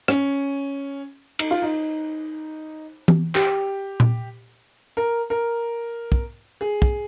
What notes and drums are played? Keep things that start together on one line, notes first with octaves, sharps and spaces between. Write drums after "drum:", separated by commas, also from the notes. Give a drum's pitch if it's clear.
C#4, drum: rim click
D#4, drum: cymbal
F4
D#4
drum: tom
G4, drum: clap
drum: tom A#2
A#4
A#4
drum: kick
G#4
drum: kick